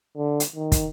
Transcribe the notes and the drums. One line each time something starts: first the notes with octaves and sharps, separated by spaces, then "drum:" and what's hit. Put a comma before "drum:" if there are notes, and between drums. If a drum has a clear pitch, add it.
D3
drum: hi-hat
D#3
drum: kick, hi-hat